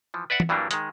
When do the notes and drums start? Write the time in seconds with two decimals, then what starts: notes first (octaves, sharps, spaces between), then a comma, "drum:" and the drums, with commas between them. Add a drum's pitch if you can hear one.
0.14 E3 F3
0.30 B4 D5 E5 F#5
0.40 drum: tom
0.49 G2 E3 F#3 G3 A#3 D4
0.71 D#3 G#3, drum: hi-hat